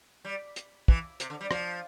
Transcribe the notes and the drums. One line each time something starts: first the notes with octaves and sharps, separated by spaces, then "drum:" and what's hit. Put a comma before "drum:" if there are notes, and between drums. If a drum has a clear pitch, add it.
G3
drum: hi-hat
E3, drum: kick
C3, drum: hi-hat
D3
G3
F3, drum: rim click